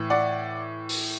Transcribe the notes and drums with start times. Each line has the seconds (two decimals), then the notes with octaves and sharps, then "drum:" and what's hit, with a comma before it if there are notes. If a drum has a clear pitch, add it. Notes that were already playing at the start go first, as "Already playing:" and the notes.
Already playing: A2 E3
0.10 D5 F#5
0.89 drum: open hi-hat